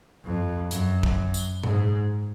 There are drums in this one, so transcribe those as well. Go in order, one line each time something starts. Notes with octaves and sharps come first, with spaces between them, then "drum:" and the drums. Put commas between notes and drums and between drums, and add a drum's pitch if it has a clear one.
F2
F#2, drum: hi-hat
drum: kick
drum: tambourine
G#2, drum: tom A#2